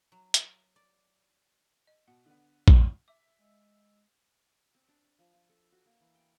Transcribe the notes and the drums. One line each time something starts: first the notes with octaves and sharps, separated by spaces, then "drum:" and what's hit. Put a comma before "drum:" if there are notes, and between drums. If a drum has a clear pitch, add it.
F#3
drum: hi-hat
D5
D#5
B2 F#5
D3 B3
drum: kick A#1
E5 D6
G#3 D#5 E6
C4
D4
B5
F3
F4
A4
F#4
A#3
E3
G5